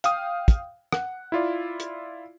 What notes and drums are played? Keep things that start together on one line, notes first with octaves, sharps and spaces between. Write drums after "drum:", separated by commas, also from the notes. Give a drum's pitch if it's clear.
F5 G5 D#6, drum: hi-hat
drum: kick, hi-hat
F#5, drum: rim click
E4 F4 D5
drum: hi-hat